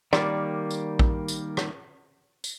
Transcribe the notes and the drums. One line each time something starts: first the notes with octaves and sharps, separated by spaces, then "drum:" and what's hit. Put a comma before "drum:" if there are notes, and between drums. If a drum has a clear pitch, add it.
D#3 G3 A#3 D5, drum: rim click
drum: tambourine
drum: kick A#1
drum: tambourine
drum: rim click
drum: tambourine